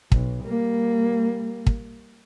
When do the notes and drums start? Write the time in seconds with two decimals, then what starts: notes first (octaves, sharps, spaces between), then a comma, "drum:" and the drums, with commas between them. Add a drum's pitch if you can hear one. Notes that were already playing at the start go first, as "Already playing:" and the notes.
0.12 B1, drum: kick
0.46 G3 A#3
1.67 drum: kick